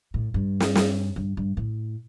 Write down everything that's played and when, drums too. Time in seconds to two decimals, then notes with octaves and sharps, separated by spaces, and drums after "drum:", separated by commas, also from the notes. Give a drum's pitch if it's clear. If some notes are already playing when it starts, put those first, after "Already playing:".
0.14 A2
0.34 G2
0.60 drum: snare
0.75 drum: snare
1.16 G2
1.37 G2
1.57 A2